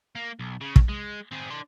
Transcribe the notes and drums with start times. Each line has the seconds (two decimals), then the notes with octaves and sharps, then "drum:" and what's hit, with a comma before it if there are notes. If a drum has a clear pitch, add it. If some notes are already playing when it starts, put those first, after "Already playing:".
0.15 A#3
0.40 B1
0.61 C#3
0.76 drum: kick
0.89 G#3
1.32 C4 G#4
1.50 D4 C6